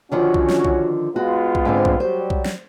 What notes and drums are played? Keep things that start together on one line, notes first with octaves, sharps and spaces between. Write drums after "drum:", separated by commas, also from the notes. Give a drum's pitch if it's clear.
D3 D#3 F3 C#4 F#4
drum: kick B1
drum: snare
drum: kick B1
G#3 B3 F4 F#4
drum: kick B1
G#2 D3 C4
drum: kick B1
F#3 G3 C5
drum: kick B1
drum: snare